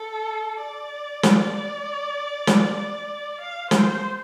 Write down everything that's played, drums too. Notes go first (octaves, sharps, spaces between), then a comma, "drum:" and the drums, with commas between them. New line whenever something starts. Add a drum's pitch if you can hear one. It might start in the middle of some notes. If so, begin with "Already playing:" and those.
Already playing: A4
D5
drum: snare
drum: snare
F5
C5, drum: snare